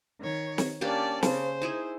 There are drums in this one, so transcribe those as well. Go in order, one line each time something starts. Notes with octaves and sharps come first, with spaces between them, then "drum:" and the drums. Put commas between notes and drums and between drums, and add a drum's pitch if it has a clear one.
D#3 C#5
drum: snare
A#3 C#4 D4 G4 D5 A5
C#3 C5, drum: snare
D#4 E4 G#4